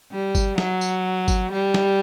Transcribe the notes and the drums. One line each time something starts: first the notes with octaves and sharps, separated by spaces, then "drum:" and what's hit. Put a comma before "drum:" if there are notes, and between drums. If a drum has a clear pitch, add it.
G3
drum: kick G1, tambourine
F#3, drum: snare
drum: tambourine
drum: kick G1, tambourine
G3
drum: snare